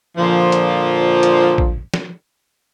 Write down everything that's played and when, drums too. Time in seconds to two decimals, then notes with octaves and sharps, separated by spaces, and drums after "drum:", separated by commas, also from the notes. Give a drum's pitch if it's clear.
0.17 A#2 D3 F3
0.52 drum: hi-hat
1.23 drum: hi-hat
1.58 drum: kick A1
1.94 drum: snare